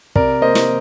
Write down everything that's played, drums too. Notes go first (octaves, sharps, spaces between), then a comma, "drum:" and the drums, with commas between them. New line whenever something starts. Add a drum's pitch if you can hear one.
C3 A#4 D5, drum: kick
A#3 C5 D#5
drum: snare